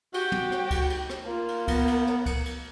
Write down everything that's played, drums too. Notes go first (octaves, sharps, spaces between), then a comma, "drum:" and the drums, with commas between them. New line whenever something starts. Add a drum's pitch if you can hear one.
F#4 G4 G5, drum: cymbal
drum: tom
drum: rim click
drum: kick C#2, cymbal
drum: cymbal
drum: rim click
A#3 F4
drum: cymbal
B3, drum: kick C#2, cymbal
drum: cymbal
drum: rim click
drum: kick C#2, cymbal
drum: cymbal